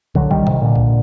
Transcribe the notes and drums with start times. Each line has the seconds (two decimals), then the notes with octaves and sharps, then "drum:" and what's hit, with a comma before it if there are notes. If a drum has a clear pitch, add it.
0.15 D3 F#3, drum: kick
0.31 D#3 G3, drum: kick
0.47 C3 D#3, drum: tom G#2
0.62 A#2 D3
0.76 drum: kick